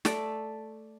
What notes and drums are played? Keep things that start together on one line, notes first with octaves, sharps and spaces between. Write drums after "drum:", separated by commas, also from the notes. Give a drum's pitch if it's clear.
A3 D5, drum: snare